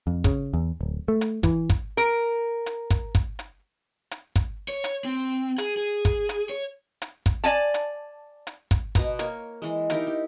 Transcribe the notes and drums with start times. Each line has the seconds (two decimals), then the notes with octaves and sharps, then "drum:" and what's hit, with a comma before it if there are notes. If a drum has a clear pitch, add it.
0.07 F2
0.24 C#3, drum: kick, hi-hat
0.54 E2
0.81 D1
1.08 A3
1.21 drum: hi-hat
1.43 E3, drum: kick, hi-hat
1.70 drum: kick, hi-hat
1.97 A#4
2.66 drum: hi-hat
2.90 drum: kick, hi-hat
3.15 drum: kick, hi-hat
3.39 drum: hi-hat
4.11 drum: hi-hat
4.36 drum: kick, hi-hat
4.68 C#5
4.84 drum: hi-hat
5.05 C4
5.58 G#4, drum: hi-hat
5.77 G#4
6.05 drum: kick, hi-hat
6.29 drum: hi-hat
6.50 C#5
7.02 drum: hi-hat
7.26 drum: kick, hi-hat
7.44 D5 D#5 G#5 A5
7.74 drum: hi-hat
8.47 drum: hi-hat
8.71 drum: kick, hi-hat
8.95 B2 B3 B4 A#5, drum: kick, hi-hat
9.19 A#3 C#5, drum: hi-hat
9.62 E3 G#3
9.90 D#4 E4 G4 A#4, drum: hi-hat
10.07 G4